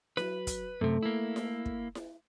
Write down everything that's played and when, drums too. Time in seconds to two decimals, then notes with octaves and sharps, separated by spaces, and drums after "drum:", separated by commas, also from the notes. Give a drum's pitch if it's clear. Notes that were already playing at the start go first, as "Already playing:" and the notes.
0.17 F#3 B4, drum: snare E4
0.47 drum: kick, hi-hat
0.81 F#2 C3 A3
1.03 A#3 E4
1.36 drum: snare E4
1.66 drum: kick
1.95 drum: snare E4